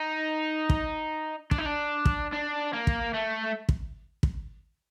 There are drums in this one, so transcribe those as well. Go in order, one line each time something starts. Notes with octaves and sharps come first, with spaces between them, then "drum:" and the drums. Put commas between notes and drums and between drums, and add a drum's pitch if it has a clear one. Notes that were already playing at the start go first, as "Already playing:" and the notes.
Already playing: D#4
drum: kick
D4, drum: kick
D#4
D4
drum: kick
D4
A#3
drum: kick
A3
drum: kick
drum: kick